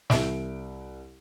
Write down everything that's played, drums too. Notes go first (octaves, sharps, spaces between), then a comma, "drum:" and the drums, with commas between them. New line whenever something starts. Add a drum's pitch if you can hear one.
C2 E5 D7, drum: snare